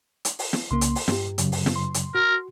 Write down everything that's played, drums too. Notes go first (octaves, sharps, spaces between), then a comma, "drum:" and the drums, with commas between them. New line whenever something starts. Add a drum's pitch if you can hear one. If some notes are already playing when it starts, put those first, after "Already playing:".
drum: hi-hat
drum: open hi-hat
drum: snare
C2 C#3 A#3 C6
drum: hi-hat
drum: open hi-hat
G2 G4, drum: snare
F#2 C#3 F#3, drum: hi-hat
drum: open hi-hat
drum: snare
C6
drum: hi-hat
F#4 A#4